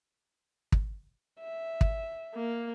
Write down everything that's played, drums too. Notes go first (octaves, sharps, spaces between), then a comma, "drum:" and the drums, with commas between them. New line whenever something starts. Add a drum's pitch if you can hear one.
drum: kick
E5
drum: kick
A#3